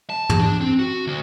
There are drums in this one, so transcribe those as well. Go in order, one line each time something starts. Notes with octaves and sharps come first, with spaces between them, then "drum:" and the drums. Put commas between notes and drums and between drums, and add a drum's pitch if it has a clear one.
A5
drum: tom
D4
C4
F#4
D2